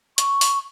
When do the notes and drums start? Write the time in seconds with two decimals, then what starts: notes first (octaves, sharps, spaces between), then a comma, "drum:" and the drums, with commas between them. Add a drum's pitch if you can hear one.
0.18 C#6, drum: hi-hat
0.41 drum: open hi-hat